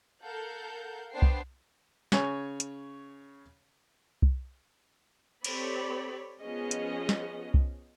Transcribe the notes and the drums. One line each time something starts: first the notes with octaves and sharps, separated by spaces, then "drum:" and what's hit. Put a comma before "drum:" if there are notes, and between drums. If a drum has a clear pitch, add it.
A4 A#4 F5 F#5 G6
B3 D4 C5 G5 C7
drum: kick C2
C#3 C#5 G#5, drum: snare
drum: hi-hat
drum: kick C2
C4 G4 A4 C#5 D5 B5, drum: cymbal
F3 B3 C#4 G#4 D#5
drum: hi-hat
drum: snare
drum: kick C2